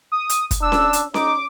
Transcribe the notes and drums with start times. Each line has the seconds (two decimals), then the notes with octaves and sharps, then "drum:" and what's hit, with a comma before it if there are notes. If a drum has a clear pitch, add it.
0.12 D#6
0.29 drum: hi-hat
0.51 drum: kick, hi-hat
0.62 D4 E6
0.72 drum: snare C#4
0.93 drum: hi-hat
1.14 D#4 D6, drum: snare C#4